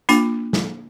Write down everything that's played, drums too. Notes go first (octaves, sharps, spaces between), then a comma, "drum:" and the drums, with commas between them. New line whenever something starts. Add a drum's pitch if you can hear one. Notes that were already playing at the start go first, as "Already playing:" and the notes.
A#3 D4 F4, drum: hi-hat
drum: snare